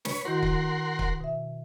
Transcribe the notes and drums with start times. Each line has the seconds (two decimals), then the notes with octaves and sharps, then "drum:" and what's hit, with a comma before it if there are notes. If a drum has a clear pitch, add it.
0.05 B4 C#5, drum: snare
0.25 D#3 E4 F#4 A#4 F#5 C6
0.43 drum: kick C#1
0.99 drum: kick C#1
1.20 B2 E5